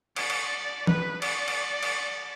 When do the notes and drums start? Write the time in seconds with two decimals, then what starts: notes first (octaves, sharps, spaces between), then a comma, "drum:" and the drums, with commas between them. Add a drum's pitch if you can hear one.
0.16 D5, drum: cymbal
0.30 drum: cymbal
0.87 B4, drum: tom E3
1.22 D5, drum: cymbal
1.48 drum: cymbal
1.83 drum: cymbal